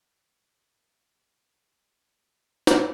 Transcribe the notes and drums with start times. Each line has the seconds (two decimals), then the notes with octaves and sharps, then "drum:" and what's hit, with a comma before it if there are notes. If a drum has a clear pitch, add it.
0.74 C#3 G3 G#3 D4 F#4 A#4
1.45 F3 C5
2.02 C4 G4
2.67 drum: snare